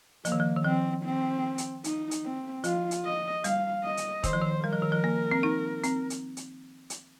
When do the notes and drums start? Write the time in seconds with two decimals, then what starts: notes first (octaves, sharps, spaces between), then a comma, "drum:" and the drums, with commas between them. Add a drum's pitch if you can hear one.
0.25 F3 A#3, drum: hi-hat
0.32 D#3
0.40 F3
0.56 D#3
0.64 F3 C4
1.04 C4
1.58 drum: hi-hat
1.84 D#4, drum: hi-hat
2.11 drum: hi-hat
2.24 C4
2.64 F3 F4, drum: hi-hat
2.91 drum: hi-hat
3.04 D#5
3.44 G3 F5, drum: hi-hat
3.84 D#5
3.97 drum: hi-hat
4.24 D#3 C5, drum: kick, hi-hat
4.33 F3
4.42 D#3
4.64 G3 A#4
4.73 F3
4.82 D#3
4.92 F3
5.04 A#3
5.31 C4
5.43 D#4
5.83 C4, drum: hi-hat
6.10 drum: hi-hat
6.37 drum: hi-hat
6.90 drum: hi-hat